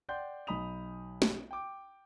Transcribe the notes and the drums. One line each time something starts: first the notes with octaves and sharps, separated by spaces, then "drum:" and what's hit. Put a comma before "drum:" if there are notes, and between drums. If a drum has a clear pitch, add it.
D5 F#5 G5 C6 G6
B1 D#4 B5 D#6 F7
drum: snare
G5 D6